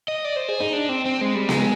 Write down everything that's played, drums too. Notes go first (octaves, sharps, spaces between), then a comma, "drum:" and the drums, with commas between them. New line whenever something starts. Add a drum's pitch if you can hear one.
D#5
D5
C5
G#4
D#4
D4
C4
C4
G#3
G3
G#3, drum: snare B3